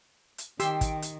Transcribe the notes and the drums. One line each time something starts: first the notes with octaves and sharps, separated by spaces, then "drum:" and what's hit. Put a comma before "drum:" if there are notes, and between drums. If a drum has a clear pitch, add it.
drum: hi-hat
D#3 G4 G5 C6 E6, drum: hi-hat
drum: kick, hi-hat
drum: hi-hat